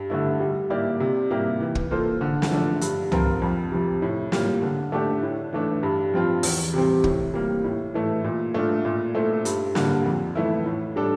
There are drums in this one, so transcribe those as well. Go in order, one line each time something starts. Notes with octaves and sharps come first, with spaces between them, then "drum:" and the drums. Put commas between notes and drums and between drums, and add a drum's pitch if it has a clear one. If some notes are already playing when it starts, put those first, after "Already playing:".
Already playing: G2
D3 A3 E4
G3
A#3 E4 G4 D5
C3
G3 A#3 E4 G4
E3
drum: kick
A#3 F4 A4 C5
D3
drum: snare
F3 A3 D4
G2, drum: hi-hat
F3 C4 F4 A#4, drum: tom
F2
C3 F3
A2
G3 A#3 F4, drum: snare
D3
A3 D4 G4
A2
E3 A3 D4
G2
F3 C4 F4
E2, drum: open hi-hat
C3 G3 C4
A2, drum: kick
G3 A#3
A2
E3 A3 E4
A#2
A3 D4 F4
A#2
A3 E4 A4 C5
G2, drum: hi-hat
D3 G3 A#3, drum: snare
F2
E3 A3 E4
A2
G3 D4 A4